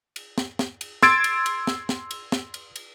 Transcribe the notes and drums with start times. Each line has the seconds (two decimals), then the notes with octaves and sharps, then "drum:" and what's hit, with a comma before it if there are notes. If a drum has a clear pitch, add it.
0.16 drum: cymbal
0.38 drum: snare
0.59 drum: snare
0.81 drum: cymbal
1.03 C6 E6 G#6 A6 D7, drum: snare
1.24 drum: cymbal
1.46 drum: cymbal
1.67 drum: snare
1.89 drum: snare
2.11 drum: cymbal
2.32 drum: snare
2.54 drum: cymbal
2.76 drum: cymbal